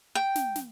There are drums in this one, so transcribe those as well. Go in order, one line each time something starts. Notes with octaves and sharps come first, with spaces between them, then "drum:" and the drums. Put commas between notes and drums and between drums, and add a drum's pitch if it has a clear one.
G5
drum: snare
drum: snare